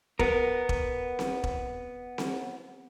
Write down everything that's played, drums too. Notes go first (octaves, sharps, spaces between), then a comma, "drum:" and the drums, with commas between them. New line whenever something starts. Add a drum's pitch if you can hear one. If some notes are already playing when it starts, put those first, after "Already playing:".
B3 A#4, drum: kick E1
drum: kick E1
drum: snare C4
drum: kick E1
drum: snare C4